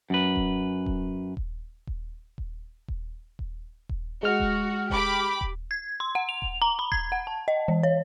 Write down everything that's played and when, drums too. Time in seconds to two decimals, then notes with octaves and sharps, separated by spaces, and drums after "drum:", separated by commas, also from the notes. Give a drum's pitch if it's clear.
0.10 F#2 B4
0.36 drum: kick D#1
0.86 drum: kick D#1
1.37 drum: kick D#1
1.87 drum: kick D#1
2.38 drum: kick D#1
2.88 drum: kick D#1
3.39 drum: kick D#1
3.89 drum: kick D#1
4.23 G#3 F#4 F6
4.40 drum: kick D#1
4.90 G4 B5 D6, drum: kick D#1
5.41 drum: kick D#1
5.71 G#6
6.00 C6
6.15 F#5
6.29 F7
6.42 drum: kick D#1
6.62 A#5
6.79 B5
6.92 G#6, drum: kick D#1
7.12 F#5
7.27 A5
7.48 D#5
7.68 E3
7.83 C#5